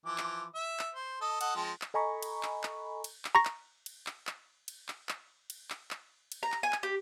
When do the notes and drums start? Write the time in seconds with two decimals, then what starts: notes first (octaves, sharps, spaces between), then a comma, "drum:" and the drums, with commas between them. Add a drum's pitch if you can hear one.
0.06 E3 F3 D6
0.18 drum: clap
0.55 E5
0.79 drum: clap
0.95 C5
1.21 A4 D#5
1.41 A4 D#5 F#5, drum: cymbal
1.55 F3 G#3 C4
1.82 drum: clap
1.94 A4 D#5 G#5 A#5 B5 C#6
2.22 drum: cymbal
2.43 drum: clap
2.63 drum: clap
3.04 drum: cymbal
3.25 drum: clap
3.35 A#5 C#6 A#6
3.45 drum: clap
3.86 drum: cymbal
4.07 drum: clap
4.27 drum: clap
4.68 drum: cymbal
4.88 drum: clap
5.09 drum: clap
5.50 drum: cymbal
5.70 drum: clap
5.91 drum: clap
6.32 drum: cymbal
6.43 A#5
6.52 drum: clap
6.63 G#5
6.73 drum: clap
6.83 G4